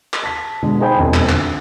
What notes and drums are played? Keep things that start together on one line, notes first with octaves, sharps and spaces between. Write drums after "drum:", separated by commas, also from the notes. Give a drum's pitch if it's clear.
drum: clap
A5 B6
B2 D3 G#3
D#4 G#4 C5 G5 B5
E1 A#1 F2
drum: clap
D2, drum: clap